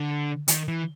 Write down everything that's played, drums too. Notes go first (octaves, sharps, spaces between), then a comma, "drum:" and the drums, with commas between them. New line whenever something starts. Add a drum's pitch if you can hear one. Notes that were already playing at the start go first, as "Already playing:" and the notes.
Already playing: D3
D#3, drum: hi-hat
E3